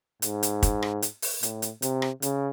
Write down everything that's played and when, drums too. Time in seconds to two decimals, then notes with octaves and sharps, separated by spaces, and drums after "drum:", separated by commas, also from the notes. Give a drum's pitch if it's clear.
0.22 G#2, drum: hi-hat
0.43 drum: hi-hat
0.63 drum: kick, hi-hat
0.82 drum: rim click
1.02 drum: hi-hat
1.22 drum: open hi-hat
1.43 A2, drum: hi-hat
1.62 drum: hi-hat
1.82 C3, drum: hi-hat
2.02 drum: rim click
2.22 C#3, drum: hi-hat